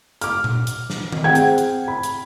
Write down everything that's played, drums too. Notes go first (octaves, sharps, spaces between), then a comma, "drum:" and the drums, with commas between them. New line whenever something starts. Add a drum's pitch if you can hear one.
D6 F6, drum: hi-hat
drum: tom A#2
drum: hi-hat
drum: snare
drum: tom D#3
C4 G#4 F#5 G5 G#6
drum: hi-hat
drum: hi-hat
B5
drum: hi-hat